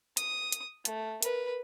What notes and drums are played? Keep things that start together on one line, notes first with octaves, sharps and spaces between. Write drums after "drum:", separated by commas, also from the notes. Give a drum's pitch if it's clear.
D#6, drum: hi-hat
drum: hi-hat
A3, drum: hi-hat
A#4 B4, drum: hi-hat